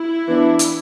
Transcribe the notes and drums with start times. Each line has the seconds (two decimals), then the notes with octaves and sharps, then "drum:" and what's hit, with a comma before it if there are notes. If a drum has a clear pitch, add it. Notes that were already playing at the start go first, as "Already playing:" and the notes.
Already playing: E4
0.28 E3 B3 D4
0.59 drum: hi-hat